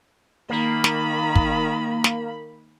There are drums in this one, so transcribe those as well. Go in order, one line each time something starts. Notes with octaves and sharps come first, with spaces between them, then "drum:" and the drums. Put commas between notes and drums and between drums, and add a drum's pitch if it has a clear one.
D#3 A#3 B5
drum: snare
drum: kick
drum: snare